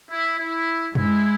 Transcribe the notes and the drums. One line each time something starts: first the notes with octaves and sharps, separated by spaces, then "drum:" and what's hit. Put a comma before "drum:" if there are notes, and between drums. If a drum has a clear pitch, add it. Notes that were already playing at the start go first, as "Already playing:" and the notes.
E4
E4
G#3 E4, drum: tom F#2